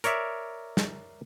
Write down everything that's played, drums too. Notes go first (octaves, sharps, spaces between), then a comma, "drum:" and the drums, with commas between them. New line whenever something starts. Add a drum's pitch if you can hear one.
A#4 C#5 D5 E5, drum: hi-hat
drum: snare